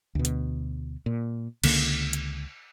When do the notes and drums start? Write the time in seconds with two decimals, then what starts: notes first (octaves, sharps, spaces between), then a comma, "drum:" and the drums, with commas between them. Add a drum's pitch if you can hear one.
0.15 D2 B2
0.25 drum: hi-hat
1.06 A#2
1.64 C#2 D3 A#3, drum: cymbal
2.13 drum: hi-hat